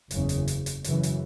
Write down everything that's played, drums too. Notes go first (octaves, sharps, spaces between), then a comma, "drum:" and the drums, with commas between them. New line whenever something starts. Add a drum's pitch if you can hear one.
F#1 E2 C#3, drum: hi-hat
drum: hi-hat
drum: hi-hat
drum: hi-hat
F#2 C#3 E3, drum: hi-hat
drum: hi-hat